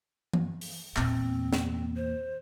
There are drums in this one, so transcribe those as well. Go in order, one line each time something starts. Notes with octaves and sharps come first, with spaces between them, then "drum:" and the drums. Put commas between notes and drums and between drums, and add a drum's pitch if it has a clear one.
drum: tom E3
drum: open hi-hat
E2 A#2 C4, drum: clap
drum: snare
C5